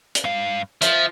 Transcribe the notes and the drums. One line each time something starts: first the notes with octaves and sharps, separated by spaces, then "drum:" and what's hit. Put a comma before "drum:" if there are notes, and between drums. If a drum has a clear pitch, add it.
drum: hi-hat
G2 F5
F3 E5, drum: hi-hat